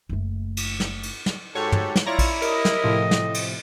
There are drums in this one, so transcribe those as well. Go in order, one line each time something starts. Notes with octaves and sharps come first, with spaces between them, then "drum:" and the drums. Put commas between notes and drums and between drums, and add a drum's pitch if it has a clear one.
F#1 A3
drum: cymbal
drum: snare
drum: cymbal
drum: snare
G#2 F#4 G4 A4 C#5
drum: tom
drum: snare
E4 F4 C#5 D5 A#5
drum: kick A#1, cymbal
A#4 D#5, drum: cymbal
drum: snare
A2 C3 F3
drum: snare
drum: cymbal